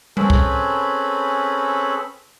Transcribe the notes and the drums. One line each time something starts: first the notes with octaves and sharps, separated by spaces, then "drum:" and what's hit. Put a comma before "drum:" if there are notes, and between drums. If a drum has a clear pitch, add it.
C4 C#4 G#4 A4 B4 B5, drum: tom G3
drum: kick C2